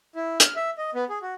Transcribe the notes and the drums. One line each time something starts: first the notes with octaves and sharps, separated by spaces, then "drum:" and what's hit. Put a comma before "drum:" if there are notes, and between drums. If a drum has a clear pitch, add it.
E4
F6, drum: hi-hat
E5
D#5
B3
G#4
F#4